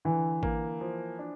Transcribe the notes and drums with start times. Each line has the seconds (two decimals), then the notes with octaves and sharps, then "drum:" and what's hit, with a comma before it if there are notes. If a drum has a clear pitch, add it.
0.05 D3 E3
0.43 A#3, drum: kick A1
0.81 F3
1.19 D4